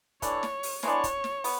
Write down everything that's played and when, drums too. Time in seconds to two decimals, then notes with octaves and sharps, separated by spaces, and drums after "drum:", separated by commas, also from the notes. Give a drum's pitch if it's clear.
0.22 E3 A3 D4 C#5, drum: kick, hi-hat
0.43 drum: snare
0.63 drum: open hi-hat
0.83 E3 G#3 B3 D4 C#5, drum: snare
1.04 drum: kick, hi-hat
1.24 drum: snare
1.44 B3, drum: open hi-hat